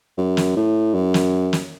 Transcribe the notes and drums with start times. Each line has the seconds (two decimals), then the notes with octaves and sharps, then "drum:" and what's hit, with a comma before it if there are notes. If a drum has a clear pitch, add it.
0.18 F#2
0.37 drum: snare
0.57 A2
0.95 F#2
1.14 drum: snare
1.53 drum: snare